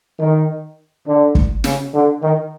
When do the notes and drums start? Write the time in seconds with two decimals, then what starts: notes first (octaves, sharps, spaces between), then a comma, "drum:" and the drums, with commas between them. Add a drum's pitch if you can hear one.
0.18 D#3
1.07 D3
1.35 drum: kick
1.64 C#3, drum: snare
1.93 D3
2.22 D#3